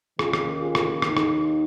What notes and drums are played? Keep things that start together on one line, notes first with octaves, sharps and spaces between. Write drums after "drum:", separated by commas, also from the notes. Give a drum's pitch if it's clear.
D#2 D#3 A#3 C#4 F4 G#4, drum: rim click
drum: rim click
F4 G#4
drum: rim click
D#2 D#3 A#3 D#4, drum: rim click
drum: rim click